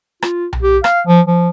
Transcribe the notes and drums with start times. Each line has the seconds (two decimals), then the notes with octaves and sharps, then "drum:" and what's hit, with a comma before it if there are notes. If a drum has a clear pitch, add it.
0.22 F4, drum: rim click
0.53 drum: tom B1
0.63 G4
0.84 F5, drum: rim click
1.07 F3
1.27 F3